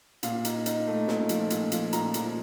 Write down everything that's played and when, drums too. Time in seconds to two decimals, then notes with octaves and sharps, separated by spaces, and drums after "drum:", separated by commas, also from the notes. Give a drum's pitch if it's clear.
0.23 A#2 F5, drum: hi-hat
0.45 D#4, drum: hi-hat
0.66 D#4, drum: hi-hat
0.87 A3
1.08 A#2, drum: snare
1.29 F3, drum: hi-hat
1.50 A#2, drum: hi-hat
1.72 F3, drum: hi-hat
1.93 A#2 A#5, drum: hi-hat
2.14 F3, drum: hi-hat